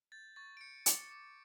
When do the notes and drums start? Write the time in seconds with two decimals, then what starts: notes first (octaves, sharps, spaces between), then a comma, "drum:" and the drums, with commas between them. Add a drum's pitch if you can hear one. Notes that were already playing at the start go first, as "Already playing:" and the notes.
0.12 G6 A6
0.36 C#6 A6
0.57 D7
0.61 G6 C#7
0.86 D6 C#7, drum: hi-hat
1.11 D6